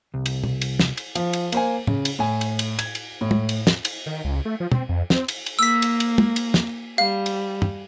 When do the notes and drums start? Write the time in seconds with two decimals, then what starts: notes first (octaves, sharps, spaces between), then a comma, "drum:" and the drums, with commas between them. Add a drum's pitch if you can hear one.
0.14 C2
0.26 drum: cymbal
0.44 drum: tom
0.62 drum: cymbal
0.79 drum: snare
0.97 drum: cymbal
1.15 F3, drum: cymbal
1.33 drum: cymbal
1.52 A#3 C5 G#5, drum: cymbal
1.87 C#3, drum: tom
2.05 drum: cymbal
2.19 A2 G#5
2.41 drum: cymbal
2.59 drum: cymbal
2.79 G#6, drum: cymbal
2.95 drum: cymbal
3.21 A2
3.31 drum: tom
3.49 drum: cymbal
3.67 drum: snare
3.85 drum: cymbal
4.06 D#3
4.24 C#2
4.45 A3
4.60 F3
4.72 C4, drum: tom
4.89 F2
5.10 C4, drum: snare
5.28 drum: cymbal
5.46 drum: cymbal
5.59 A#3 E6 B6
5.82 drum: cymbal
6.00 drum: cymbal
6.18 drum: tom
6.36 drum: cymbal
6.54 drum: snare
6.98 G3 F5
7.26 drum: cymbal
7.62 drum: tom